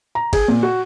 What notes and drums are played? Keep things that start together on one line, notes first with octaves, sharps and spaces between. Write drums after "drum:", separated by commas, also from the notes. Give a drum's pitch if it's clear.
A#5
G#4, drum: kick, cymbal
A#2
F#4